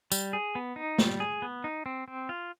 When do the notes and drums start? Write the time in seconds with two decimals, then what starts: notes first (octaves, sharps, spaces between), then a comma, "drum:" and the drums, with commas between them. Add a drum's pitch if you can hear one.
0.12 G3, drum: tambourine
0.33 G#4
0.55 B3
0.76 D#4
0.98 G3, drum: snare
1.20 G#4
1.42 B3
1.64 D#4
1.86 C4
2.08 C4
2.29 F4